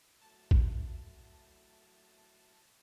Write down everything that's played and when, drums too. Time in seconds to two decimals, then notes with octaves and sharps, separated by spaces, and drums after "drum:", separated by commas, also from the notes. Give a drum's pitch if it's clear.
0.22 F#3 A3 E4 A5
0.51 drum: kick